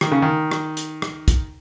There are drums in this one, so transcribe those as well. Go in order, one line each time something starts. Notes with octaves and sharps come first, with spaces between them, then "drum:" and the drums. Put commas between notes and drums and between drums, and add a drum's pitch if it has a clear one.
D#3, drum: rim click
C#3
D#3
drum: rim click
drum: hi-hat
drum: rim click
drum: kick, hi-hat